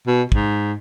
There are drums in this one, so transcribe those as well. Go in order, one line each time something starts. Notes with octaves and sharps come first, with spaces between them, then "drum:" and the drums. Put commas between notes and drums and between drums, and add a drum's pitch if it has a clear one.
B2
G#2, drum: kick